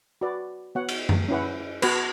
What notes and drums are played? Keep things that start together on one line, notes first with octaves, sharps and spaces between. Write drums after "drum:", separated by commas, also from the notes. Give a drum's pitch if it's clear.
F#4 B4 D5
B3 F#4 C#5 F#5
drum: cymbal
drum: tom F#2
C#4 E4 B4 F#5
B3 F#4 B4, drum: cymbal